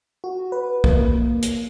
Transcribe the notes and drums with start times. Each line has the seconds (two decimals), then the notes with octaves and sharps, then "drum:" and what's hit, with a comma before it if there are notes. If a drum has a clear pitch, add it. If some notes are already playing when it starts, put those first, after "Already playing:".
0.24 F#4
0.52 B4
0.84 A#3, drum: kick
1.42 drum: hi-hat